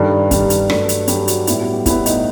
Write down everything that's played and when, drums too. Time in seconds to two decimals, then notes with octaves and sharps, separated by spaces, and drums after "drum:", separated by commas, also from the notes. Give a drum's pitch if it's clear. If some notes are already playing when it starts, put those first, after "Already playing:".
Already playing: G2 D#3 G3 A4
0.31 G2 D#3 G3, drum: kick, hi-hat
0.50 drum: hi-hat
0.70 G2 F#3 A3, drum: rim click
0.89 drum: hi-hat
1.08 G2 F#3 A3 G4, drum: hi-hat
1.28 F#4, drum: hi-hat
1.47 A2 G3 B3 E4, drum: hi-hat
1.61 F#4
1.73 G4
1.86 A2 G3 B3 E4, drum: kick, hi-hat
2.06 D#4, drum: hi-hat